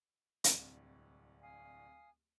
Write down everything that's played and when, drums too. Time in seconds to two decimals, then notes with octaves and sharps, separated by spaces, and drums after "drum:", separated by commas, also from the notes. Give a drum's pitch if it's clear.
0.44 D1 C2, drum: hi-hat
1.42 F5 G#5 D#6